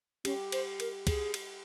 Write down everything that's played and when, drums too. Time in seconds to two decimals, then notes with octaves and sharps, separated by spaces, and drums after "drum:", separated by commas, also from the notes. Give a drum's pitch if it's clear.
0.25 C#4 G4, drum: cymbal
0.52 C5, drum: cymbal
0.80 A#4, drum: cymbal
1.07 G#4, drum: kick, cymbal
1.34 drum: cymbal